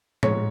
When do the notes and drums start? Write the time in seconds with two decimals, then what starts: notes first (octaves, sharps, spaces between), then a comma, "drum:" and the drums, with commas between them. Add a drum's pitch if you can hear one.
0.23 G#2 C#5, drum: tom